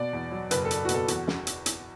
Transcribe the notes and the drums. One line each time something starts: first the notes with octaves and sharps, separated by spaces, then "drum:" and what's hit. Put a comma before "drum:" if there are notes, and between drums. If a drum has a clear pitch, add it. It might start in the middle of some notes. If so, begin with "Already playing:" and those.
Already playing: B2 D5
E2
F#3
F#1 B4, drum: hi-hat
A4
F#1, drum: hi-hat
F#4
B2, drum: hi-hat
A4
E2 F#4, drum: hi-hat
drum: snare
drum: hi-hat
drum: hi-hat